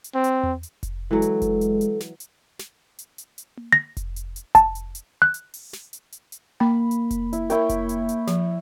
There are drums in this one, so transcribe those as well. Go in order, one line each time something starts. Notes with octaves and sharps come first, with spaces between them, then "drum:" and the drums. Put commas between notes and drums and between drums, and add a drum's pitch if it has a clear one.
drum: hi-hat
C4
drum: hi-hat
drum: tom E2
drum: hi-hat
drum: kick F1, hi-hat
E3 F#3 G#3 A4
drum: hi-hat
drum: kick F1, hi-hat
drum: hi-hat
drum: hi-hat
drum: snare
drum: hi-hat
drum: snare
drum: hi-hat
drum: hi-hat
drum: hi-hat
drum: tom A#3
A#6
drum: kick F1, hi-hat
drum: hi-hat
drum: hi-hat
A5, drum: kick F1, hi-hat
drum: hi-hat
drum: hi-hat
F#6
drum: hi-hat
drum: open hi-hat
drum: snare
drum: hi-hat
drum: hi-hat
drum: hi-hat
A#3 G5 B5
drum: hi-hat
drum: kick F1, hi-hat
E4, drum: hi-hat
E4 A#4 C#5 G5, drum: hi-hat
drum: kick F1, hi-hat
drum: hi-hat
drum: hi-hat
F3, drum: snare